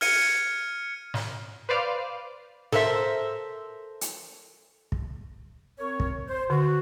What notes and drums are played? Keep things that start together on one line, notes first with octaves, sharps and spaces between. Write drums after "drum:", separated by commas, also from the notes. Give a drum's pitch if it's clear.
F6 G#6 C#7 D#7, drum: open hi-hat
drum: snare
B4 C5 D5 F5 F6
A4 A#4 C5 E5, drum: snare
drum: hi-hat
drum: kick
C4 A#4 C#5
drum: kick
C5
D3 F#4